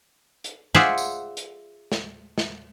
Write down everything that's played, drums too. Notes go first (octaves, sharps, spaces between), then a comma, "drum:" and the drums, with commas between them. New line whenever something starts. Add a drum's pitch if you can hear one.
drum: hi-hat
F4 G#4 C5 D5 E5 F#5, drum: snare
drum: tambourine
drum: hi-hat
drum: snare
drum: snare